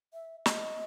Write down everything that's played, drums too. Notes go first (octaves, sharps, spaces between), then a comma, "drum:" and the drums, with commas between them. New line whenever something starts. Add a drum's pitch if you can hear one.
E5
D#5, drum: snare